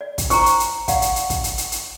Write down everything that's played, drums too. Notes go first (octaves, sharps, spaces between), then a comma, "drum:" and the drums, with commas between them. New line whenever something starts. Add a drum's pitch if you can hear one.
D5
drum: kick, hi-hat
C5 A#5 C#6, drum: hi-hat
drum: hi-hat
drum: hi-hat
D5 F5 F#5, drum: kick, hi-hat
drum: hi-hat
drum: hi-hat
drum: kick, hi-hat
drum: hi-hat
drum: hi-hat
drum: hi-hat